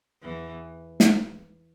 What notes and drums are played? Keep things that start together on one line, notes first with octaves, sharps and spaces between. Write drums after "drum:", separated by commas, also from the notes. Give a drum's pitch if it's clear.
E2 E3
drum: snare